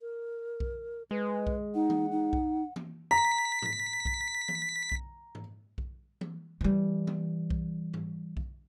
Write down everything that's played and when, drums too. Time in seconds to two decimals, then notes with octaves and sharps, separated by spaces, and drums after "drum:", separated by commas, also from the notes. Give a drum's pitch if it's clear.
0.01 A#4
0.60 drum: kick B1
1.11 G#3 B4
1.47 drum: kick B1
1.75 D#4 F#5
1.90 drum: tom E3
2.11 D#4
2.33 drum: kick B1
2.76 drum: tom E3
3.11 A#5 B6
3.62 drum: tom G#2
4.05 drum: kick B1
4.49 drum: tom E3
4.92 drum: kick B1
5.35 drum: tom G#2
5.78 drum: kick B1
6.21 drum: tom E3
6.61 E3 G3
7.07 drum: tom E3
7.50 drum: kick B1
7.94 drum: tom G#2
8.37 drum: kick B1